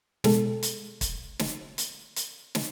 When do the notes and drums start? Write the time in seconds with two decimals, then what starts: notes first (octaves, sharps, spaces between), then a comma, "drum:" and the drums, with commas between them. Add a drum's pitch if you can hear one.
0.24 B2 G#3 A4, drum: snare
0.63 drum: hi-hat
1.01 drum: kick, hi-hat
1.39 drum: snare
1.78 drum: hi-hat
2.16 drum: hi-hat
2.55 drum: snare